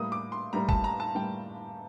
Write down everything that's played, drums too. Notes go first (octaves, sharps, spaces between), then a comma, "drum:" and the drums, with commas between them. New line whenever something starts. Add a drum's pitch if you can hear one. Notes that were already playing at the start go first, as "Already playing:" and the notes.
Already playing: A2 G3 A#3 D#6
D6
C6
A2 G3 A#3 A#5
A5, drum: kick
A#5
A5
A2 G3 A#3 G5